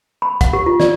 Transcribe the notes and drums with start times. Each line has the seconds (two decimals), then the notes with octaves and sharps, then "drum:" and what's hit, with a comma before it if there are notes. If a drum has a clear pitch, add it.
0.22 B5
0.41 F#5, drum: kick, hi-hat
0.53 G4
0.66 F4
0.80 D5, drum: snare